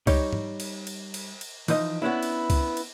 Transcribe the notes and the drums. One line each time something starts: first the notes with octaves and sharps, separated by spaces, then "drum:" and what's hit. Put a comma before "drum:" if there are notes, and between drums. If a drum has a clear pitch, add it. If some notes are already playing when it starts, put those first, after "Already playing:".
G3 D#4 C#5, drum: kick C#2, cymbal
drum: tom G#2
drum: cymbal
drum: cymbal
drum: cymbal
drum: cymbal
E3 F3 D#4 D#5, drum: cymbal
B3 C#4 D4 E4
drum: cymbal
drum: kick C#2, cymbal
drum: cymbal